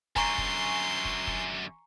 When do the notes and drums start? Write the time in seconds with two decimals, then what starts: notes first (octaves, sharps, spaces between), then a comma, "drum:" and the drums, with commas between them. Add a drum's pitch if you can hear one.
0.16 F#2 D3 G#5 A#5 C6 C#6, drum: kick
0.38 drum: kick
1.05 drum: kick
1.27 drum: kick